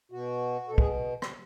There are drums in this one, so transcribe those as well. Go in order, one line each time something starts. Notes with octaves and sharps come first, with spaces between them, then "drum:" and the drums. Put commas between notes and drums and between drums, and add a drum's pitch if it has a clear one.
B2 F#4
B2 A4
G#4, drum: kick
drum: rim click